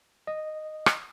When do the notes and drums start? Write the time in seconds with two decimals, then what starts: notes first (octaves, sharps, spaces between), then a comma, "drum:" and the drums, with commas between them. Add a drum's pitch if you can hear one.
0.27 D#5
0.86 drum: rim click